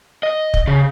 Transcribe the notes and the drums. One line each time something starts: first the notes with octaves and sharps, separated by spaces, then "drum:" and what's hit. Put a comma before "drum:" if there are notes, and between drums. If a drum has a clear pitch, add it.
D#5
drum: kick
C#3